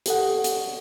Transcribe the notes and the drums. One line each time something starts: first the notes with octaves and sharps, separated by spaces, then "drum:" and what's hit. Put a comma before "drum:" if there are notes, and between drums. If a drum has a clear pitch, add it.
G4 A4 F#5, drum: hi-hat
drum: hi-hat